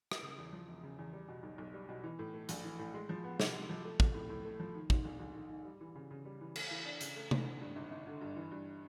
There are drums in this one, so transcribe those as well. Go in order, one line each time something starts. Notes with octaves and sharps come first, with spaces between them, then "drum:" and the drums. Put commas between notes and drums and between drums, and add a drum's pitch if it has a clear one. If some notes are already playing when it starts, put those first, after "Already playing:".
drum: rim click
C#3
E2
F3
E1
C#3
E2
G3
B2
B1
B1
G3
B2
E3
A2
A3
A#1, drum: hi-hat
E3
A2
G#3
F3
B3
C3, drum: snare
G#3
F3
A3
F3, drum: kick
A2
A2
A3
F3
D#3
G#2, drum: kick
A#1
A#1
D#3
G#2
G3
E3
C#3
C#3
G3
E3
A3, drum: cymbal
E3
D4
C#3, drum: hi-hat
A3
E3, drum: tom C3
D3
G2
G#1
G#1
D3
G2
E3
G2